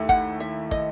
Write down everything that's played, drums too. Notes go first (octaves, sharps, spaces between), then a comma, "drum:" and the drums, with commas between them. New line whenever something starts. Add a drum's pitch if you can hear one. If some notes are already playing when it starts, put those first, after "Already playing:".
Already playing: D#2 A3 E4
F#5, drum: kick
E5
D#5, drum: kick